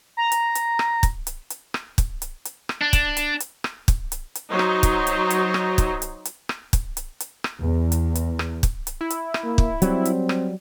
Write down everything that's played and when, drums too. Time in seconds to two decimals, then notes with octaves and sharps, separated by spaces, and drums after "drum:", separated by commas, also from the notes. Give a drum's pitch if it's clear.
0.17 A#5
0.32 drum: hi-hat
0.55 drum: hi-hat
0.79 drum: rim click
1.03 drum: kick, hi-hat
1.27 drum: hi-hat
1.50 drum: hi-hat
1.74 drum: rim click
1.98 drum: kick, hi-hat
2.22 drum: hi-hat
2.45 drum: hi-hat
2.69 drum: rim click
2.82 D4
2.93 drum: kick, hi-hat
3.17 drum: hi-hat
3.40 drum: hi-hat
3.64 drum: rim click
3.88 drum: kick, hi-hat
4.12 drum: hi-hat
4.35 drum: hi-hat
4.49 F#3 D#4 C5
4.59 drum: rim click
4.83 drum: kick, hi-hat
5.07 drum: hi-hat
5.30 drum: hi-hat
5.54 drum: rim click
5.78 drum: kick, hi-hat
6.02 drum: hi-hat
6.25 drum: hi-hat
6.49 drum: rim click
6.73 drum: kick, hi-hat
6.97 drum: hi-hat
7.20 drum: hi-hat
7.44 drum: rim click
7.60 E2
7.92 drum: hi-hat
8.15 drum: hi-hat
8.39 drum: rim click
8.63 drum: kick, hi-hat
8.87 drum: hi-hat
9.01 E4
9.10 drum: hi-hat
9.34 drum: rim click
9.44 A#3
9.58 drum: kick
9.82 F#3 G3 C4, drum: hi-hat
10.05 drum: hi-hat
10.29 drum: rim click